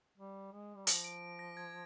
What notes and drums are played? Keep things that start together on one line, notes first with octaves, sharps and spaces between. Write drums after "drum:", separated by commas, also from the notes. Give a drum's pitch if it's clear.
G3
G#3
G3
F3 A#6, drum: hi-hat
D7
A#6
G#6